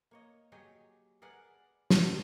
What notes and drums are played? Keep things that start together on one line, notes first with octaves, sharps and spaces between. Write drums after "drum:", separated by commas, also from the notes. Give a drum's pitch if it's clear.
A#3 C#5 D#5
F#3 G4 G#4 C#5 D#5
G#4 A#4 B4 D5 F#5
drum: snare